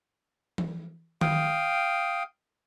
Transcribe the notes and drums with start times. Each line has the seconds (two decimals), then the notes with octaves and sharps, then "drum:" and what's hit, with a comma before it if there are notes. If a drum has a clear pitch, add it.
0.58 drum: tom E3
1.21 F5 G5 D#6, drum: tom D#3